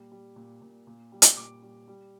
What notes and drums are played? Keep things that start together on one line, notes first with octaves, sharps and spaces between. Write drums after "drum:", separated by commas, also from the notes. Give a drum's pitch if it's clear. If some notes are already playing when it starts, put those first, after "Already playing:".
Already playing: A#2 G3
G3
A#2
A#2
A#2
G3
drum: hi-hat
A#2 D6
G3
G3